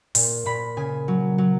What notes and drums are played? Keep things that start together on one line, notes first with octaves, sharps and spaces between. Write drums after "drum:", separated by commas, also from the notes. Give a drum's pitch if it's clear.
A#2, drum: open hi-hat
A#2 B5
C#3 G#5
F#3
F#3